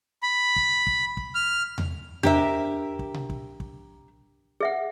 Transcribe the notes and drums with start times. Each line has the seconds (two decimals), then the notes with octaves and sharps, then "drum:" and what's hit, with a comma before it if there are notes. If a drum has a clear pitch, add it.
0.23 B5
0.56 drum: kick
0.87 drum: kick
1.17 drum: kick
1.35 F6
1.78 drum: tom E2
2.23 D4 G4 A#4 C5 E5, drum: tom E2
2.99 drum: kick
3.14 drum: tom B2
3.30 drum: kick
3.60 drum: kick
4.60 G#4 E5 F#5